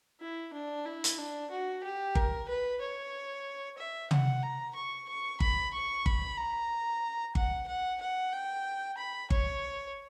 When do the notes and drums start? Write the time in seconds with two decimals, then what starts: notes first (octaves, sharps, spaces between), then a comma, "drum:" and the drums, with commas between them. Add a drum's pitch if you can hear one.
0.20 E4
0.53 D4
0.86 E4
1.04 drum: hi-hat
1.18 D4
1.50 F#4
1.83 G4
2.15 A#4, drum: kick G1
2.48 B4
2.81 C#5
3.78 E5
4.11 F#5, drum: tom
4.42 A#5
4.75 C#6
5.08 C#6
5.40 B5, drum: kick G1
5.73 C#6
6.06 B5, drum: kick G1
6.37 A#5
7.35 F#5, drum: kick G1
7.68 F#5
8.01 F#5
8.33 G5
8.98 B5
9.30 C#5, drum: kick G1